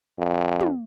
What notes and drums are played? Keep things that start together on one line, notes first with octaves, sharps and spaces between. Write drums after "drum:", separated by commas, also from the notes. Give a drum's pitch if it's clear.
F2
drum: tom